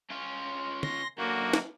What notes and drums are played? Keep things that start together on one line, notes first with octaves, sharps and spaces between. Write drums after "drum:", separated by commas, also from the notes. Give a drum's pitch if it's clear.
C#4 F4
C6 A#6, drum: tom
F#2 D3 A#3 F#4
drum: snare